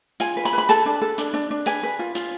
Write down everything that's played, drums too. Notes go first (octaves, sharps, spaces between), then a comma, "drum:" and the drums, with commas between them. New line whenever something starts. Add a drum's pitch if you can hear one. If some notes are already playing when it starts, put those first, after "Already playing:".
F4 G#5, drum: hi-hat
B4
B5, drum: hi-hat
B4
B5
A4 A5, drum: hi-hat
D4
A4
D4, drum: hi-hat
D4
D4
B4 G#5, drum: hi-hat
B4
F4
F4, drum: hi-hat